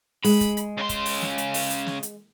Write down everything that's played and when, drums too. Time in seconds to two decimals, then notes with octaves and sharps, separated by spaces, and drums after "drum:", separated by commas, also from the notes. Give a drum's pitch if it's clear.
0.24 G#3 B5, drum: open hi-hat
0.41 drum: kick, hi-hat
0.57 drum: hi-hat
0.78 C#3 C6
0.89 drum: kick, hi-hat
1.05 drum: open hi-hat
1.22 drum: snare
1.38 drum: hi-hat
1.54 drum: open hi-hat
1.70 drum: hi-hat
1.86 drum: snare
2.03 drum: hi-hat